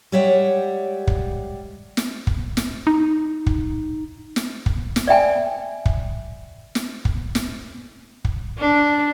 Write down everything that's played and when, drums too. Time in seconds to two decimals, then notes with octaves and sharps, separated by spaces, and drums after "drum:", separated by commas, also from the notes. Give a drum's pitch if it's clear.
0.12 G3 G#3 C#5 E5 F#5 G5
1.07 drum: kick
1.97 drum: snare
2.27 drum: kick
2.57 drum: snare
2.87 D#4
3.46 drum: kick
4.36 drum: snare
4.66 drum: kick
4.96 drum: snare
5.07 D5 E5 G5 G#5
5.86 drum: kick
6.75 drum: snare
7.05 drum: kick
7.35 drum: snare
8.25 drum: kick
8.59 D4